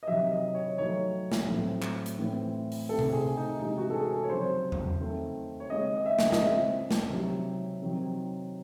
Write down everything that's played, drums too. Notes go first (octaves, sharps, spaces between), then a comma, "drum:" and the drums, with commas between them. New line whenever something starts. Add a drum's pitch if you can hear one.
D#5
C3 D#3 F#3 E5
D#5
C#5
D#3 F#3 A3 C#5
drum: snare
A2 F#3 A3 C4
drum: clap
drum: hi-hat
A2 E3 C4
drum: open hi-hat
D#3 A3 C4 A4
drum: tom C3
G#4
D#4
C3 E3 G#3 D#4
F#4
A4
G#4
A4
C#5
C#3 F#3 C4 C5
drum: tom E2
D#3 A3 C4
C#5
C#3 G#3 C4 D#5
D#5
E5
drum: snare
D#5, drum: snare
C#3 G#3 C4 E5
drum: snare
C3 D#3 F#3 C4
C3 D#3 F#3 C4